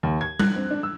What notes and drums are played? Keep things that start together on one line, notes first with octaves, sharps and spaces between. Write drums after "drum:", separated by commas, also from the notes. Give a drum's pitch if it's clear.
D#2
G#6
F#6, drum: tom G3
C4
D4
E6